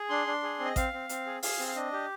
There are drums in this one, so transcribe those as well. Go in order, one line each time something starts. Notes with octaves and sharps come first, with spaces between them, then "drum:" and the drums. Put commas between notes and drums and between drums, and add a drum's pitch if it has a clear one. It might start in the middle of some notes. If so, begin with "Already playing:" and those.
Already playing: G#4
D4 C6
D4
G#4
C4
D#5
C4 F5, drum: kick A1, hi-hat
C4
C4, drum: hi-hat
G#4
G#4 F5, drum: open hi-hat
C4
F5
D4 D#5
G4